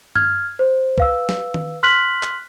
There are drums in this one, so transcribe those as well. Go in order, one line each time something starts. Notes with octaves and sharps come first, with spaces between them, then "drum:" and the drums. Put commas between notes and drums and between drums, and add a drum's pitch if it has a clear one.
F6 G#6, drum: tom G2
C5
B4 F5 E6, drum: kick
drum: snare
drum: tom D#3
C6 F6 F#6 B6 F#7
drum: clap